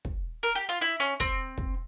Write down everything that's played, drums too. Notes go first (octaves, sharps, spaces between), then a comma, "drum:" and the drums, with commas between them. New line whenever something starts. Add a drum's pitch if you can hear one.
drum: kick
A#4
G4
F4
E4
C#4
C4, drum: kick
drum: kick